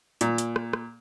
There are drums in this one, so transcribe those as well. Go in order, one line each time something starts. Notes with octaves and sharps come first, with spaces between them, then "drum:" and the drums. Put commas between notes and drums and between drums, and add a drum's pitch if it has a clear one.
A#2, drum: hi-hat
drum: hi-hat
drum: rim click
drum: rim click